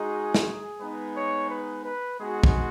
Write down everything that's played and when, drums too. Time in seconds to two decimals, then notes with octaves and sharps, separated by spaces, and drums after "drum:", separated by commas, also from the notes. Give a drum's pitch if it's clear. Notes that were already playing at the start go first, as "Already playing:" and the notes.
Already playing: G#3 D#4 F#4 G#4
0.34 drum: snare
0.81 G#3 B3 D#4 B4
1.16 C#5
1.50 B4
1.85 B4
2.20 G#3 B3 D#4 F#4 G#4
2.44 drum: kick